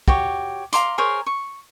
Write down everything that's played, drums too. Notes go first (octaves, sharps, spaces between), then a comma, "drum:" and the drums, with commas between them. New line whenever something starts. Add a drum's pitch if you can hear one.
F#4 G4 C#5, drum: kick
F5 A#5 C6 D6, drum: hi-hat
G#4 A#4 C5 C#5
C#6